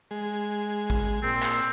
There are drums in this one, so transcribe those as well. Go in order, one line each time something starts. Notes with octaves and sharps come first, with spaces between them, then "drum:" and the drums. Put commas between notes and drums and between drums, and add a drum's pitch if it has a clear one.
G#3
drum: kick
A#2 C4
drum: clap